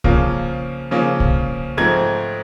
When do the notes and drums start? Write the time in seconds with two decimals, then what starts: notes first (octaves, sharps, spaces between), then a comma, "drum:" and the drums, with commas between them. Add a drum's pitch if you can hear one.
0.04 C#3 F3 A#3 C#4, drum: kick
0.91 C#3 F3 A#3 C#4
1.20 drum: kick
1.77 G#2 F3 A3 C4 G#6